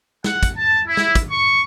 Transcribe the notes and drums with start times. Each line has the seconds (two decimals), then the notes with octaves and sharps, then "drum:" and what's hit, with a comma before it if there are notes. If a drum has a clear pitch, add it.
0.24 F#5, drum: snare
0.43 drum: kick, hi-hat
0.56 A5
0.86 E4
0.97 drum: snare
1.15 drum: kick, hi-hat
1.29 C#6